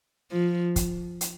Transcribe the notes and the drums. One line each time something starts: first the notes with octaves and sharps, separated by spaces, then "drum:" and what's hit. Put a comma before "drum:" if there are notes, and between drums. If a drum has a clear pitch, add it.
F3
drum: kick, hi-hat
drum: hi-hat